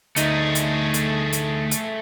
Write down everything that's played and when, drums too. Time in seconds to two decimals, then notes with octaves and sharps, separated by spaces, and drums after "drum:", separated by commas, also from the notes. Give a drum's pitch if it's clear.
0.16 D2 A3 D#4 G#4, drum: hi-hat
0.55 drum: hi-hat
0.94 drum: hi-hat
1.33 drum: hi-hat
1.71 drum: hi-hat